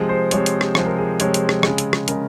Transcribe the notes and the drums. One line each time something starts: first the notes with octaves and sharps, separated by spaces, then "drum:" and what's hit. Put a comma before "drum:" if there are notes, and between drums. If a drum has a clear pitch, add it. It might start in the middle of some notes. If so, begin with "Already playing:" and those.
Already playing: C3 F3 G#3 G#4
C5
C3 F3 G#3 C#5, drum: hi-hat
drum: hi-hat
drum: rim click
C3 F3 G#3 C5, drum: rim click
A#4
G#4
C3 F3 G#3 C#5, drum: hi-hat
drum: hi-hat
drum: rim click
C#3 G#3, drum: rim click
drum: hi-hat
drum: rim click
C#3 G#3 A#4, drum: hi-hat